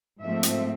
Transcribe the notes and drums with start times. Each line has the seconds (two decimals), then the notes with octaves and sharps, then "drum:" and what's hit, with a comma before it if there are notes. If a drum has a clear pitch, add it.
0.21 G#2 F3 A3 C4 E5
0.43 drum: hi-hat